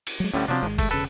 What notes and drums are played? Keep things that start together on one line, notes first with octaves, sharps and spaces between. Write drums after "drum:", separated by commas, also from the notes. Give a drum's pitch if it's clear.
drum: cymbal
F#3 G#3
D2 A2 D3 G3 C#4
C3 F3 F#3 B3 C4 D4
G#1 G#3
A3, drum: kick, cymbal
E1 C#3 A4 B4